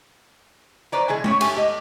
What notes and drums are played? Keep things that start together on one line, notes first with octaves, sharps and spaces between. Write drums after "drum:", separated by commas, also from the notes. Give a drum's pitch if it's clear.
B4 C5 D5 A#5
B2 E3 G#3 G#4
G3 C#4 C#5, drum: tom G#3
A3 G4 G#5, drum: cymbal
G4 D#5